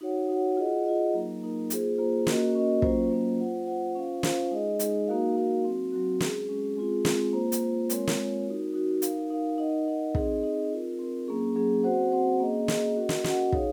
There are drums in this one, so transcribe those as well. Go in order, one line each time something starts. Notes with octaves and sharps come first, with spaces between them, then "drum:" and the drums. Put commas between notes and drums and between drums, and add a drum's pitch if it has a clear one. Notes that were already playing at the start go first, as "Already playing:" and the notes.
D#4 F#4 C#5 F#5
D#4 F#4 C#5 F#5
F4 G#4 D#5 F#5
F4 G#4 D#5 F#5
F#3 A#3 D#4 A#4
F#3 A#3 D#4 A#4
A#3 F4 G#4 C5, drum: hi-hat
A#3 F4 G#4 C5
A#3 C#4 F#4 A#4 D#5, drum: snare
A#3 C#4 F#4 A#4 D#5
F#3 A#3 C#4 F4 C5, drum: kick
F#3 A#3 C#4 F4 C5
F4 C5 F#5
F4 C5 F#5
C#4 F4 C5 F5
C#4 F4 C5 F5, drum: snare
G#3 D#4 G#4 D#5
G#3 D#4 G#4 D#5, drum: hi-hat
A#3 D#4 F#4 A#4 F5
A#3 D#4 F#4 A#4 F5
F#3 C4 F#4
F#3 C4 F#4
G#3 C#4 G#4, drum: snare
G#3 C#4 G#4
G#3 C4 F4 G#4
G#3 C4 F4 G#4, drum: snare
A#3 F4 C5
drum: hi-hat
A#3 F4 C5
G#3 C4 F4 A#4 C#5, drum: hi-hat
drum: snare
G#3 C4 F4 A#4 C#5
D#4 F#4 A#4
D#4 F#4 A#4
D#4 A#4 F5, drum: hi-hat
D#4 A#4 F5
D#4 A#4 D#5 F#5
D#4 A#4 D#5 F#5
C4 D#4 G#4 D#5, drum: kick
C4 D#4 G#4 D#5
C4 F4 A#4
C4 F4 A#4
F#3 A#3 C#4 G#4
F#3 A#3 C#4 G#4
C4 F#4 C5 F#5
C4 F#4 C5 F#5
A#3 C#4 G#4 D#5
A#3 C#4 G#4 D#5, drum: snare
C#4 F#4 A#4 D#5 F#5
drum: snare
C#4 F#4 A#4 D#5 F#5, drum: snare
D#4 G#4 C#5 F5, drum: kick